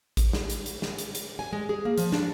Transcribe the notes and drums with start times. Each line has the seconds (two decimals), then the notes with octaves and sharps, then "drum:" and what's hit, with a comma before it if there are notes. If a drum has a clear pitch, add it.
0.17 drum: kick A1, hi-hat
0.33 drum: snare
0.50 drum: hi-hat
0.66 drum: hi-hat
0.82 drum: snare
0.98 drum: hi-hat
1.15 drum: hi-hat
1.39 G#5
1.53 G#3
1.69 G#4
1.85 A#3
1.98 F3, drum: hi-hat
2.12 D4, drum: snare